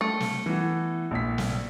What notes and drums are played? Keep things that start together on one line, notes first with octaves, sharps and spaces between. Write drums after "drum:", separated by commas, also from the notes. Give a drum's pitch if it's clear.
A3
drum: snare
E3 B3
A#1 B6
drum: snare